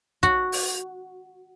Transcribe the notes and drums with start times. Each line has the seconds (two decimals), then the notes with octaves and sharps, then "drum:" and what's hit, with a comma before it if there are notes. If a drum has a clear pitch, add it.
0.23 F#4, drum: kick
0.52 drum: open hi-hat